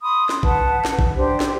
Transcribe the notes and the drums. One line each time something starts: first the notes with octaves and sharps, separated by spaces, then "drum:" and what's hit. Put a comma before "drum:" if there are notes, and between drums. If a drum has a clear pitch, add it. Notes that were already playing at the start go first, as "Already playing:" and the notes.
B5 C6 D#6
drum: snare
B4 F#5 A5, drum: kick
drum: snare
drum: kick
D4 G4 C5
drum: snare